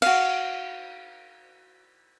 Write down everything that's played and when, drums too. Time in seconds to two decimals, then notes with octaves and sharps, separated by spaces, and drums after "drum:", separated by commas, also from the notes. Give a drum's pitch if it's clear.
0.02 F#4 F5, drum: cymbal